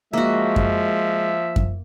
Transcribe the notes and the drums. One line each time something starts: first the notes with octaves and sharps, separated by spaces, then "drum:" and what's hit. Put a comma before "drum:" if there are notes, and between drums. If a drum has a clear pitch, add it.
F3 G#3 A#3 F#4 E5
drum: kick F#2
drum: kick F#2